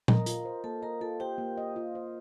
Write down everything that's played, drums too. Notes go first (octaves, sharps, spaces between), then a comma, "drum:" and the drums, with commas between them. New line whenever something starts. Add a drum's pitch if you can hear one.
A#4 D#5 A#5, drum: tom A#2
F4, drum: hi-hat
C5
A#3 A4 A5
A#4 D#5 A#5
F4 A4 A5
G4 C5 G5
A#3
D#5
F4
C5